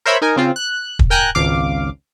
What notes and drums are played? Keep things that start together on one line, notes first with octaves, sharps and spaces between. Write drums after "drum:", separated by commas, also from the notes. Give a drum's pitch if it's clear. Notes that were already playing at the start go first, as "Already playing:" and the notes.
A#4 C5 C#5 E5 B5
D#4 A#4 G#5
C#3 C4 F4
F#6
drum: kick
A#4 G5 G#5 A#5 F#6
G#1 C#2 F5 D6